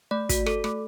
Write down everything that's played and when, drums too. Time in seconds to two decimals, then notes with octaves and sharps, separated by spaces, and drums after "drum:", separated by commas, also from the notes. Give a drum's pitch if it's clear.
0.11 A3 D5
0.29 F#4, drum: kick, hi-hat
0.46 A4, drum: rim click
0.64 A3, drum: rim click